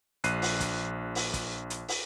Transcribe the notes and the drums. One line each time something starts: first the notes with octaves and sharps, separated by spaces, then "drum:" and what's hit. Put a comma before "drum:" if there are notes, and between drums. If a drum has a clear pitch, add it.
A#1 F#6 C7 D#7, drum: hi-hat
drum: open hi-hat
drum: kick, hi-hat
drum: open hi-hat
drum: kick, hi-hat
drum: hi-hat
drum: open hi-hat